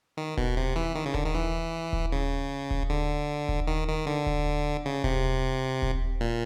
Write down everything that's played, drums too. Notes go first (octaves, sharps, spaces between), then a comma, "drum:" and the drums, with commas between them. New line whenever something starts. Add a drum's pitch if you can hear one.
D#3
B2, drum: kick D#1
C3
E3
D#3
C#3
D3, drum: kick D#1
D#3
E3
drum: kick D#1
C#3
drum: kick D#1
D3
drum: kick D#1
D#3
D#3
D3
drum: kick D#1
C#3
C3, drum: kick D#1
drum: kick D#1
A#2